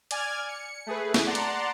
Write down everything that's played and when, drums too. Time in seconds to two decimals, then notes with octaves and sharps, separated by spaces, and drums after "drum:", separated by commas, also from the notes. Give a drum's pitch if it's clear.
0.11 D5 G#5 F6 G#6, drum: hi-hat
0.48 C#7
0.87 A3 G#4 B4
1.14 drum: snare
1.26 D5 F#5 A5 A#5 C6
1.35 drum: hi-hat